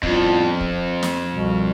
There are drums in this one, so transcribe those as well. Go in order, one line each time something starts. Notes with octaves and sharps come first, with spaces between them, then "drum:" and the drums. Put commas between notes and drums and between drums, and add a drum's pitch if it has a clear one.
F2 A2 G3 B3 D4 F4, drum: kick
drum: kick
drum: snare
C2 B2 G3